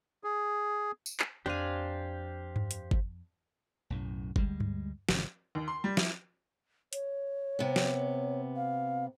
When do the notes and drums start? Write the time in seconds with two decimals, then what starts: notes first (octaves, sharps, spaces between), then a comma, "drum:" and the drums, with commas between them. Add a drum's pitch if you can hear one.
0.24 G#4
1.06 drum: tambourine
1.20 drum: clap
1.46 F2 D4 G4 C5 F5 G#5
2.56 drum: tom G2
2.71 drum: hi-hat
2.91 drum: kick G1
3.90 B1 F#2 A2
4.36 D2 G3 G#3, drum: kick G1
4.60 drum: tom G2
5.09 G#1 C#3 E3, drum: snare
5.55 D#2
5.68 C6
5.84 G3
5.97 E4, drum: snare
6.93 C#5, drum: hi-hat
7.59 C3 B3
7.76 drum: snare
8.56 F5